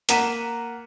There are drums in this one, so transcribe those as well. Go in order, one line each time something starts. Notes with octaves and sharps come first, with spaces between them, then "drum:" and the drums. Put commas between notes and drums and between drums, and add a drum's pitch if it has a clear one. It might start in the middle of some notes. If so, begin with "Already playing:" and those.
A#3 F#5 A#5 B6 D#7 E7, drum: hi-hat